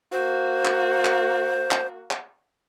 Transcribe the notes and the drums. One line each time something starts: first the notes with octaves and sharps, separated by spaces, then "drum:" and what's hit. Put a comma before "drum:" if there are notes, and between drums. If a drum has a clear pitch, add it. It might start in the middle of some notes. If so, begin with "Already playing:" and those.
A#3 F#4 C5
drum: clap
drum: clap
drum: clap
drum: clap